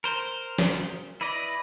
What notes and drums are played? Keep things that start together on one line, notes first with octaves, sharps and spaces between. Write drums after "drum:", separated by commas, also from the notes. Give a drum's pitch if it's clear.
A#4 C5
drum: snare
E4 B4 D5 D#5